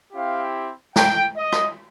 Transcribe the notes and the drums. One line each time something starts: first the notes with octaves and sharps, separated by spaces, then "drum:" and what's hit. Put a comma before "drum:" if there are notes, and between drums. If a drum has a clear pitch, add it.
C4 E4 G4 F5
G5, drum: snare
D#5
drum: rim click